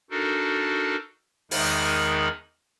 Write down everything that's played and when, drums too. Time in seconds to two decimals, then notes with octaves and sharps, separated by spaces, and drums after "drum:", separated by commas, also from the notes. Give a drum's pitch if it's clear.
0.10 D4 D#4 F#4 A4 A#4
1.51 E2 D#3 G#3 D#4 A#4 B5, drum: open hi-hat